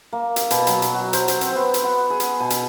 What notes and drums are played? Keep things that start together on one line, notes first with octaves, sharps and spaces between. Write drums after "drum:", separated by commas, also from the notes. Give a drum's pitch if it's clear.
A#3
drum: hi-hat
B2, drum: hi-hat
F#3, drum: hi-hat
drum: hi-hat
F#4
C5, drum: hi-hat
drum: hi-hat
C4, drum: hi-hat
B3
drum: hi-hat
F#5
G#4
drum: hi-hat
B2
drum: hi-hat